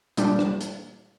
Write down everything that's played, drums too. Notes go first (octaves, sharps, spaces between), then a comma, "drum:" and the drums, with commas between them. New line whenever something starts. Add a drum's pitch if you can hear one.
A#2 G3 D4, drum: hi-hat
drum: rim click
drum: hi-hat